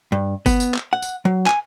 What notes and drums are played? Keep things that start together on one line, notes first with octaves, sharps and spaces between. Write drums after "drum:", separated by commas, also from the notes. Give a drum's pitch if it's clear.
G2
B3, drum: kick, tambourine
drum: tambourine
drum: clap
F#5
drum: tambourine
F#3
G#5, drum: clap